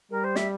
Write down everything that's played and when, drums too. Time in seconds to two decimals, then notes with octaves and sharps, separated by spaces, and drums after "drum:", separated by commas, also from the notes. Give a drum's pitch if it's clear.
0.11 G3 A#4
0.24 C5
0.36 E5, drum: snare